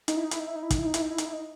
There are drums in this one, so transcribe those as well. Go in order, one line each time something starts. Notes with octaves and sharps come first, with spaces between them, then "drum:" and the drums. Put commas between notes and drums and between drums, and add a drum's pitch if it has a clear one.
D#4, drum: hi-hat
E4
D#4
E4, drum: hi-hat
D#4
E4
D#4
E4
D#4, drum: kick, hi-hat
E4
D#4
E4, drum: hi-hat
D#4
E4
D#4, drum: hi-hat
E4
D#4